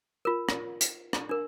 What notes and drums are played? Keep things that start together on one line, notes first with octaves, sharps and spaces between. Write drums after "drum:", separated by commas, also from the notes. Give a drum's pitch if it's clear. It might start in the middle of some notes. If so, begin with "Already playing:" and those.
F4 A#4
drum: rim click
drum: hi-hat
drum: rim click
D4 A#4